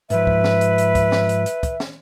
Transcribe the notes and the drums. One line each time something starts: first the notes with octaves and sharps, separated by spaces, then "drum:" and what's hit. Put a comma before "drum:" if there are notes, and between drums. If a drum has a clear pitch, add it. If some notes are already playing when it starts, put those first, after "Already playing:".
G#2 F3 B4 E5, drum: hi-hat
drum: kick
drum: snare
drum: hi-hat
drum: hi-hat
drum: kick, hi-hat
drum: snare
drum: hi-hat
drum: hi-hat
drum: kick, hi-hat
drum: snare